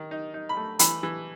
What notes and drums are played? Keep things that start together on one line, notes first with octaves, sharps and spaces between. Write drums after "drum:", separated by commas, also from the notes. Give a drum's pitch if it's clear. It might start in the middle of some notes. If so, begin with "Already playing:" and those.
Already playing: D#3
D#4
D#4
B5
A3
E3 B5, drum: hi-hat
E3